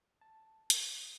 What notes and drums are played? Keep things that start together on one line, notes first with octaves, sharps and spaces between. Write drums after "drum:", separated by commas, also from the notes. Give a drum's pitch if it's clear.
A5
D#6, drum: hi-hat